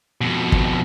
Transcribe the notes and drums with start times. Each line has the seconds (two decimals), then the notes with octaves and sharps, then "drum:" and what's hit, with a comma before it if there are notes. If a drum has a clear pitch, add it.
0.21 F2 B2
0.52 drum: kick